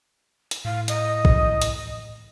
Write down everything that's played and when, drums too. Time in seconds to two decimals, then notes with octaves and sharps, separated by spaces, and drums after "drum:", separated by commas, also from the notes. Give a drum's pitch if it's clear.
0.51 drum: hi-hat
0.65 A2 F5
0.88 D#5, drum: hi-hat
1.25 drum: kick A#1
1.62 drum: hi-hat